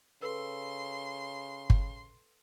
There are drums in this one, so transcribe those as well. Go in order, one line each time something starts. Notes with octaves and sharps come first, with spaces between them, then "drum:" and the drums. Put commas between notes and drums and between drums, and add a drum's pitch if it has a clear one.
C#3 A4 B4 C6 E6
drum: kick G1